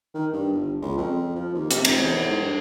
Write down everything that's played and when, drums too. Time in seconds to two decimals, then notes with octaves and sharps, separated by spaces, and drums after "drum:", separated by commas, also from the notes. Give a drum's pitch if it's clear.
0.14 D#3
0.33 G2
0.53 G1
0.82 C#2
0.98 F2
1.35 F3
1.54 D#2
1.71 C3, drum: hi-hat
1.85 F1, drum: cymbal
1.99 E2
2.25 G#2
2.40 G2